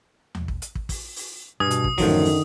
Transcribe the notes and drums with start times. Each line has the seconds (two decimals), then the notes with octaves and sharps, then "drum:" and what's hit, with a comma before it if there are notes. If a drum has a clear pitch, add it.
0.35 drum: tom D#2
0.48 drum: kick
0.62 drum: hi-hat
0.75 drum: kick
0.89 drum: kick, open hi-hat
1.16 drum: open hi-hat
1.60 G2 B2 G#5 D#6
1.71 drum: hi-hat
1.84 drum: kick
1.98 F#2 A2 D3 D#3 F3 F#3, drum: kick, open hi-hat
2.25 drum: open hi-hat